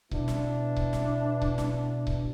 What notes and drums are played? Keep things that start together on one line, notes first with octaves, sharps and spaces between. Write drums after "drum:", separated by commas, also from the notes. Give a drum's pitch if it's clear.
B2 B3 D4 E4, drum: kick C#1
drum: snare
drum: kick C#1
drum: snare
drum: kick C#1
drum: snare
drum: kick C#1